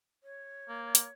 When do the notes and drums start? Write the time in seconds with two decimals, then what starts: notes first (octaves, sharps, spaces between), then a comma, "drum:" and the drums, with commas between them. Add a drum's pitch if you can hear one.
0.23 C#5
0.69 A#3
0.95 drum: hi-hat